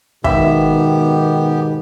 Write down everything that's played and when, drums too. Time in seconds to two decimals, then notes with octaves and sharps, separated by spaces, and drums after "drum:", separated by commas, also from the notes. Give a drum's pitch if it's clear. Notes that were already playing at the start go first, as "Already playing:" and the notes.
0.24 G#2 B2 D#3 B3 G4 E5, drum: kick